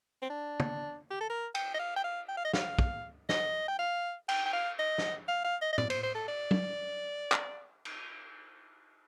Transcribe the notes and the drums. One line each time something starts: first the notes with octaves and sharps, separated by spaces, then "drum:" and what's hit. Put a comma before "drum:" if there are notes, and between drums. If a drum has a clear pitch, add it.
C4
D4
drum: tom
G4
A4
A#4
G5, drum: cymbal
D#5
F5
G5
F5
G5
F5
D#5
F5, drum: snare
drum: kick
D#5, drum: snare
G5
F5
G5, drum: cymbal
G5
F5
D#5
drum: snare
F5
F5
D#5
D#5
D5, drum: tom
C5, drum: cymbal
C5
A4
D5
drum: tom
drum: clap
drum: cymbal